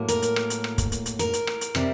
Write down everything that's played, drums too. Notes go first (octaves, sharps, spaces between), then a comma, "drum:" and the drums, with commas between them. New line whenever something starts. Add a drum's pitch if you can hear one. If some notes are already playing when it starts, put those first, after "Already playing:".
Already playing: A2 F#3 A#3
A#4, drum: hi-hat
drum: hi-hat
drum: rim click
drum: hi-hat
drum: rim click
drum: kick, hi-hat
drum: hi-hat
drum: hi-hat
A#4, drum: hi-hat
drum: hi-hat
drum: rim click
drum: hi-hat
C3 G3 C4, drum: rim click